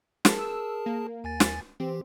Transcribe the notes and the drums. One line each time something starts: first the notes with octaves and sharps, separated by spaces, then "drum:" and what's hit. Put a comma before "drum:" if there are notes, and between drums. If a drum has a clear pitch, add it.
G#4 A#4 A5, drum: snare
E6
A#3
D#2 G#5 A6
drum: snare
E3 C4 G4